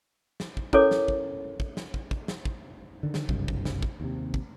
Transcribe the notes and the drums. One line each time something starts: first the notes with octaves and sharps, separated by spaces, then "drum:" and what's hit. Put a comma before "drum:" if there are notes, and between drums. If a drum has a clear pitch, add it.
drum: snare
drum: kick
C#4 E4 A4 A#4 C#5 D6, drum: kick
drum: snare
drum: kick
drum: kick
drum: snare
drum: kick
drum: kick
drum: snare
drum: kick
D3 D#3
drum: snare
F#1 C2 G2, drum: kick
drum: kick
drum: snare
drum: kick
D#2 C3
drum: kick